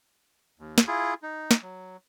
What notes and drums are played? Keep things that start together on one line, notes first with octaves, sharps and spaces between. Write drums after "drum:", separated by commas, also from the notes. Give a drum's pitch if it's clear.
D#2
drum: snare
E4 F4 G#4
D#4
drum: snare
F#3